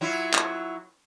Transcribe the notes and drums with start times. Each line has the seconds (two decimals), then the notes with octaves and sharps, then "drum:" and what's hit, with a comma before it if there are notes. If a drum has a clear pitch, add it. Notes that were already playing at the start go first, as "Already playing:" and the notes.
0.01 F#3 E4 F4
0.34 drum: clap